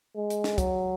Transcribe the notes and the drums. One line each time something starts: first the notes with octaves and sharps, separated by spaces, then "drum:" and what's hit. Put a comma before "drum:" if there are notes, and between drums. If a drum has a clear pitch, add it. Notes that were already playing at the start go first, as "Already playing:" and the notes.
G#3
drum: hi-hat
drum: snare
F#3, drum: kick, hi-hat